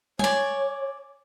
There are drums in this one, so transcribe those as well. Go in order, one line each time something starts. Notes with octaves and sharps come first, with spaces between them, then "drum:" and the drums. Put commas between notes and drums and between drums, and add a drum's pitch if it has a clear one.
C#5 D5 G#5, drum: tom G3